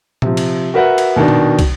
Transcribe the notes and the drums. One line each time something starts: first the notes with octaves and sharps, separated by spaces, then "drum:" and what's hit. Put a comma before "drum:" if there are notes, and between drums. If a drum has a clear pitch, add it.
C3 F3, drum: tom A#2
drum: cymbal
F#4 A#4 B4 E5 F#5
drum: cymbal
B2 D#3 D4
drum: tom A#2
drum: kick, cymbal